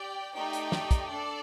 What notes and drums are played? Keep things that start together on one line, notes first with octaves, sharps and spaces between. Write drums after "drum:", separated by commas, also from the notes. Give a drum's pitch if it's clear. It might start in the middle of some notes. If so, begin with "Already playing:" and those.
Already playing: G4 D5 G5
A3 D#4 G4 D5 G5
drum: hi-hat
drum: snare
drum: kick, hi-hat
D4 A4 D5